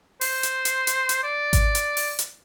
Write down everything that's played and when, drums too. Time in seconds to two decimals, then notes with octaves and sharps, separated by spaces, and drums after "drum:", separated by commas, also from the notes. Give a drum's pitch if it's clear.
0.21 C5, drum: open hi-hat
0.43 drum: hi-hat
0.65 drum: hi-hat
0.87 drum: hi-hat
1.09 drum: hi-hat
1.23 D5
1.53 drum: kick G#1, hi-hat
1.75 drum: hi-hat
1.97 drum: open hi-hat
2.19 drum: hi-hat